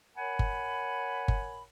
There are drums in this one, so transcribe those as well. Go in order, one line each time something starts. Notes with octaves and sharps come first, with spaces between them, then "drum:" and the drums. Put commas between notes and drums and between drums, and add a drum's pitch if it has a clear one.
A#4 C#5 F#5 G#5 B5
drum: kick G1
drum: kick G1